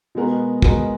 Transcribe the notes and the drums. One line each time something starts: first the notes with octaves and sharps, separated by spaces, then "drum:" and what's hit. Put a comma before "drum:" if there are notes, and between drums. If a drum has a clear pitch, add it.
B2 G#3 B3 F#4 A#4
B2 G#3 B3 F#4 A#4, drum: kick